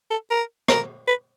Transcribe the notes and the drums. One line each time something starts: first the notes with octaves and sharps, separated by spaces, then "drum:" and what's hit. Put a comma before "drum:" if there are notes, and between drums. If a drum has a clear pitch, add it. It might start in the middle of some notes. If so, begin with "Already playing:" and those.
A4
A#4
A#4, drum: rim click
B4